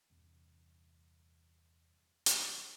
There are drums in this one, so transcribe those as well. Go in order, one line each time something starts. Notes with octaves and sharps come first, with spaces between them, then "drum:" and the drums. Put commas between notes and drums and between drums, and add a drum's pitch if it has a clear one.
E2 G2 C3
drum: hi-hat